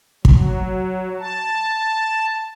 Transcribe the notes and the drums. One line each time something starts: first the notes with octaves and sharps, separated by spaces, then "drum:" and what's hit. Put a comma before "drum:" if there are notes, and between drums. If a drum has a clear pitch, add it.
F#3, drum: kick
A5